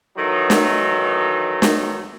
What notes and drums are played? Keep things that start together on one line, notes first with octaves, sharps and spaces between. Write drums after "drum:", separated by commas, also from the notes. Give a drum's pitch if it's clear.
D#3 E3 F#3 A3 D#4
drum: snare
drum: snare